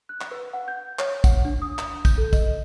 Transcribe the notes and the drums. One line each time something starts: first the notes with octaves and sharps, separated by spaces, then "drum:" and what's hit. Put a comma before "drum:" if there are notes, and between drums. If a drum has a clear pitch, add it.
F#6
drum: clap
B4
F#5
G6
C#5, drum: clap
F#5, drum: kick, tambourine
D4
D#6
drum: clap
G6, drum: kick, tambourine
A4
D#5, drum: kick, tambourine